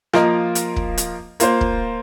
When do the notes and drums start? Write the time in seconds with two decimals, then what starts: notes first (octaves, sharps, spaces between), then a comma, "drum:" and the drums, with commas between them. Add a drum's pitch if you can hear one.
0.13 F3 A#3 F4 A#4 D#5, drum: rim click
0.55 drum: hi-hat
0.76 drum: kick
0.98 drum: hi-hat
1.40 A#3 F4 C5, drum: hi-hat
1.61 drum: kick